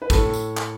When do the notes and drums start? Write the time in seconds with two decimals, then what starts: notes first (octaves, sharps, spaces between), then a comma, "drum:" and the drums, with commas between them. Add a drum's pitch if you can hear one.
0.02 B4
0.10 A2 A4, drum: kick, tambourine
0.33 drum: tambourine
0.57 drum: clap